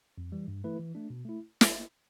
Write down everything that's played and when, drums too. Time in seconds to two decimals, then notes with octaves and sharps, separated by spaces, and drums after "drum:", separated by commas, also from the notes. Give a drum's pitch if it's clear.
0.18 F2
0.32 E3 G3
0.48 G2
0.64 E3 A3 E4 B4
0.79 E3
0.95 A3 D4
1.10 B2
1.25 A3 E4
1.61 drum: snare